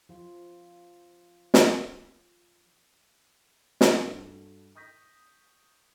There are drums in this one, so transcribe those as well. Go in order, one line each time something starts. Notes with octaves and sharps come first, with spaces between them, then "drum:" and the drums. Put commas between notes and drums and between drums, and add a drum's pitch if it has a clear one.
F3 F4
drum: snare
D#3, drum: snare
G2 F#4 A4
C#6 D#6 G6 A#6 B6